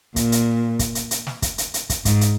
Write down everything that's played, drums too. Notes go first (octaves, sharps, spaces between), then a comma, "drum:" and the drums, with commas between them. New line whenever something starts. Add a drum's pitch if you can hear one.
A#2, drum: kick, hi-hat
drum: hi-hat
drum: kick, hi-hat
drum: hi-hat
drum: hi-hat
drum: snare
drum: kick, hi-hat
drum: hi-hat
drum: hi-hat
drum: kick, hi-hat
G#2, drum: kick, hi-hat
drum: hi-hat